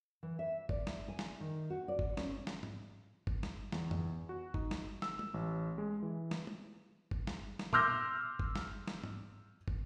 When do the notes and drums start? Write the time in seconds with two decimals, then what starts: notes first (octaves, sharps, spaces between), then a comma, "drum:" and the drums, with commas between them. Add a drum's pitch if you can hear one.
0.23 E3
0.39 E5
0.69 D5, drum: kick
0.87 drum: snare
1.08 G#5
1.19 drum: snare
1.41 D#3
1.70 F#4
1.88 D5
1.99 drum: kick
2.17 C#4, drum: snare
2.47 drum: snare
2.63 drum: tom
3.27 drum: kick
3.43 drum: snare
3.72 E2, drum: snare
3.91 drum: tom F2
4.29 F#4
4.54 D#4, drum: kick
4.71 drum: snare
5.02 E6, drum: snare
5.19 drum: tom
5.34 A1
5.78 G#3
6.02 E3
6.31 drum: snare
6.47 drum: tom
7.11 drum: kick
7.27 drum: snare
7.59 drum: snare
7.73 C6 D6 E6 F6 G6 A#6, drum: tom A#2
8.39 drum: kick
8.55 drum: snare
8.88 drum: snare
9.04 drum: tom
9.68 drum: kick